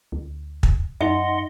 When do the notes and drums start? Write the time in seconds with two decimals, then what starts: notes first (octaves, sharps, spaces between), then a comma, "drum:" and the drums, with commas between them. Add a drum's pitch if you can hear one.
0.12 D2
0.63 drum: kick
1.01 F#2 D#4 D#5 E5 F#5 C6